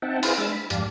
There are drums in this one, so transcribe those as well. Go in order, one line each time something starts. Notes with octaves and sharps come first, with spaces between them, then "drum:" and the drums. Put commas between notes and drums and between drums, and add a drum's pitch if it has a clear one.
C4 D#4 E5 F#5 G5 A5
E4 G#4 B4 C5 F5, drum: open hi-hat
G#3 D4 E6 A6
B5
F2 G#2 G4 D5 F5 A5, drum: hi-hat